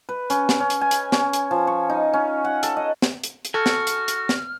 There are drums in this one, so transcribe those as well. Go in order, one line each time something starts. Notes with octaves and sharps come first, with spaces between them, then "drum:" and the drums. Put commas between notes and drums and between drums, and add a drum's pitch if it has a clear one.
B4
C#4, drum: hi-hat
drum: snare
C#4
drum: hi-hat
G#5
drum: hi-hat
C#4, drum: snare
drum: hi-hat
F3
C#5
D#4
C#4
F#5
A4, drum: hi-hat
D#5
drum: snare
drum: hi-hat
drum: hi-hat
F#4 A4 G#5 F6
drum: snare
drum: hi-hat
drum: hi-hat
drum: snare